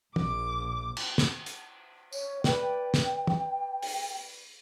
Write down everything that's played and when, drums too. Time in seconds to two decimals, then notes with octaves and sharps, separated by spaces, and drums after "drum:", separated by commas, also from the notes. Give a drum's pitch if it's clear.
0.16 A#1 A#2 D6, drum: tom
0.97 drum: cymbal
1.18 drum: snare
1.46 drum: hi-hat
2.12 C#5, drum: tambourine
2.44 B4 D5 G5, drum: snare
2.94 drum: snare
3.27 drum: tom
3.83 drum: open hi-hat